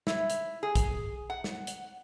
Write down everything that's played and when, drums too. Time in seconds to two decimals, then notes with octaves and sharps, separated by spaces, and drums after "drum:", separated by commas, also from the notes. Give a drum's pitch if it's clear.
0.07 E4, drum: snare
0.30 drum: hi-hat
0.63 G#4
0.76 drum: kick, hi-hat
1.30 F#5
1.44 drum: snare
1.67 drum: hi-hat